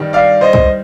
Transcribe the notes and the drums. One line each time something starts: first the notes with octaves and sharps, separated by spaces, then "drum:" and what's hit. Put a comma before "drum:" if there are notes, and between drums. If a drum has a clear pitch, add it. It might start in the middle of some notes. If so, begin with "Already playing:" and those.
Already playing: G2 D#3 G3
D5 F5
C5 D#5
drum: kick